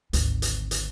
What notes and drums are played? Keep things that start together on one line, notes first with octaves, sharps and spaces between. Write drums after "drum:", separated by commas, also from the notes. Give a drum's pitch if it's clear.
G#1 D2, drum: hi-hat
drum: hi-hat
drum: hi-hat